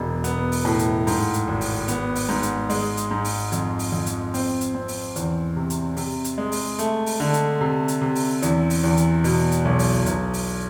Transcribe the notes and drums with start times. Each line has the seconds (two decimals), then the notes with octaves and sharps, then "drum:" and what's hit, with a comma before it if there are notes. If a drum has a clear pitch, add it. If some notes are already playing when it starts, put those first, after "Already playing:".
Already playing: E1 B2
0.24 B3, drum: hi-hat
0.52 drum: open hi-hat
0.65 A2
0.79 drum: hi-hat
1.07 G#2, drum: open hi-hat
1.34 drum: hi-hat
1.48 G#1
1.61 drum: open hi-hat
1.88 B3, drum: hi-hat
2.15 drum: open hi-hat
2.29 G#2
2.43 drum: hi-hat
2.70 G#3, drum: open hi-hat
2.97 drum: hi-hat
3.11 G#2
3.25 drum: open hi-hat
3.52 F2, drum: hi-hat
3.79 drum: open hi-hat
3.92 F2
4.06 drum: hi-hat
4.34 C4, drum: open hi-hat
4.61 drum: hi-hat
4.75 C4
4.88 drum: open hi-hat
5.16 E2, drum: hi-hat
5.56 C3
5.70 drum: hi-hat
5.97 C3, drum: open hi-hat
6.24 drum: hi-hat
6.38 G#3
6.52 drum: open hi-hat
6.79 A3, drum: hi-hat
7.06 drum: open hi-hat
7.20 D3
7.34 drum: hi-hat
7.61 C3
7.88 drum: hi-hat
8.02 C3
8.15 drum: open hi-hat
8.42 E2, drum: hi-hat
8.70 drum: open hi-hat
8.84 E2
8.97 drum: hi-hat
9.24 B2, drum: open hi-hat
9.52 drum: hi-hat
9.65 B1
9.79 drum: open hi-hat
10.06 B1, drum: hi-hat
10.34 drum: open hi-hat